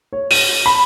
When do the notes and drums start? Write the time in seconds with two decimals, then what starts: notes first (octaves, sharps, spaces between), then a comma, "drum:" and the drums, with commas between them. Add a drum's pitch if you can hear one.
0.13 C#5
0.31 D#7, drum: open hi-hat
0.66 B5